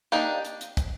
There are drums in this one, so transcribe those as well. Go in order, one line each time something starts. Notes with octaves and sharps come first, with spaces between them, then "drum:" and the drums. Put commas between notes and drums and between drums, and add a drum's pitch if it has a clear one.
A#3 D4 D#4 G4
drum: hi-hat
drum: hi-hat
drum: kick, hi-hat